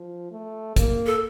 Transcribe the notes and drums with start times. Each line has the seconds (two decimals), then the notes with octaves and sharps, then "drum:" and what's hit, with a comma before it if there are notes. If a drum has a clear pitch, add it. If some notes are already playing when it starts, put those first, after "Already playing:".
Already playing: F3
0.31 A3
0.76 A#3, drum: kick, hi-hat
1.06 A4